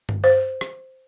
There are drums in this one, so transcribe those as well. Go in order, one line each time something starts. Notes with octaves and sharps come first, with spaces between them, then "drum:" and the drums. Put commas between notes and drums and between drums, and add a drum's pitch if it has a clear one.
drum: tom G2
C5
drum: rim click